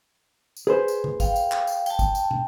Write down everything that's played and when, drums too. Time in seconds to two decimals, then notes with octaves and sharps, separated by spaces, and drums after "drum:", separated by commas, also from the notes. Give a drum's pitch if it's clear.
0.57 drum: tambourine
0.67 G#4 B4 C5
0.88 drum: tambourine
1.04 drum: tom C#3
1.20 F5 G5, drum: kick, tambourine
1.36 drum: tambourine
1.52 drum: clap
1.67 drum: tambourine
1.86 G5 A5, drum: tambourine
1.99 drum: kick, tambourine
2.15 drum: tambourine
2.31 drum: tom